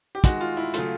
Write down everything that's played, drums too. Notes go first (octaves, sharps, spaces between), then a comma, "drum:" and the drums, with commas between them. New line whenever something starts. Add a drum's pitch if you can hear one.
G4
D#3 G#3 F#4, drum: kick, hi-hat
F4
E4
C#3 F#3 A3 F4, drum: hi-hat